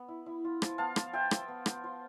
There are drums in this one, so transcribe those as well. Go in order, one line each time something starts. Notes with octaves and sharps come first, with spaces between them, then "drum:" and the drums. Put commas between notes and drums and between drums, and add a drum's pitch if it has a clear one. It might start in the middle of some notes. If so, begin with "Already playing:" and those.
Already playing: B3
E4
E4
F4
F3, drum: rim click
B3 F5 A5
F3, drum: rim click
F4 E5 G5
F3, drum: rim click
B3
F3, drum: rim click
F4